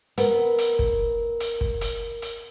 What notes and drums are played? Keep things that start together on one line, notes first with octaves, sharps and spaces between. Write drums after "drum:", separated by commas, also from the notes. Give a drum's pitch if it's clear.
B3 A#4, drum: hi-hat
drum: hi-hat
drum: kick
drum: hi-hat
drum: kick
drum: hi-hat
drum: hi-hat